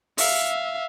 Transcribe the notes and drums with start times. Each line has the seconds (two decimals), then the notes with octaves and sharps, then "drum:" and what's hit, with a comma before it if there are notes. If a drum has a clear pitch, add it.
0.18 E5 F5, drum: open hi-hat